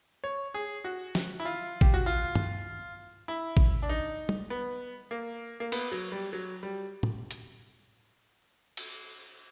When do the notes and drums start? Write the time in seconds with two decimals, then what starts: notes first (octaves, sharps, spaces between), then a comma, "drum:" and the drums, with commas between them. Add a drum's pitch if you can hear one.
0.24 C#5
0.54 G#4
0.84 F#4
1.15 drum: snare
1.40 E4
1.45 F4
1.81 G4, drum: kick
1.94 F#4
2.06 F4
2.35 drum: tom
3.28 E4
3.57 drum: kick
3.82 D4
3.89 D#4
4.29 drum: tom
4.50 B3
5.11 A#3
5.60 A#3
5.72 B3, drum: cymbal
5.92 F#3
6.12 G3
6.33 F#3
6.63 G3
7.03 drum: tom
7.31 drum: hi-hat
8.77 drum: cymbal